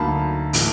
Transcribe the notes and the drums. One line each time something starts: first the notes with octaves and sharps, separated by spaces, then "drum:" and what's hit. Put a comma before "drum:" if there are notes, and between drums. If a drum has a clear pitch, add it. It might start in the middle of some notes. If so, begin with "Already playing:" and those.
Already playing: D2 D3 F#3 A#3 D#4 A5 B5
A2 E3 A3, drum: hi-hat